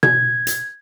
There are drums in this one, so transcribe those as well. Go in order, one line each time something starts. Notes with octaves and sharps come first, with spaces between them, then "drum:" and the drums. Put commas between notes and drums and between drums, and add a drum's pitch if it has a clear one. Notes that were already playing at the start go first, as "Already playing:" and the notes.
G#6, drum: tom B2
drum: hi-hat